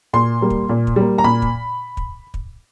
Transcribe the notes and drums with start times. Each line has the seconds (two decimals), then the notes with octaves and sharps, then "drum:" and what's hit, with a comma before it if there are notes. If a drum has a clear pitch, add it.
0.13 A#2 C6
0.41 G3 A#3
0.50 drum: kick
0.69 A#2
0.87 drum: kick
0.96 G3 A#3
1.18 A#5
1.24 A#2 B5
1.42 drum: kick
1.97 drum: kick
2.34 drum: kick